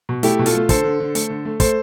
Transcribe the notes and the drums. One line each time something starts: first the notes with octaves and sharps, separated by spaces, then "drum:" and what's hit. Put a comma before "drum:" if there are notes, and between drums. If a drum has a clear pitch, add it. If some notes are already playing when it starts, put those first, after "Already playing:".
B2
A3 E4 G4, drum: hi-hat
B2
F4 A4, drum: hi-hat
A3
D3 A4 C5, drum: kick, hi-hat
D3
D3
A3, drum: hi-hat
D3
A3
A3 A4 C5, drum: kick, hi-hat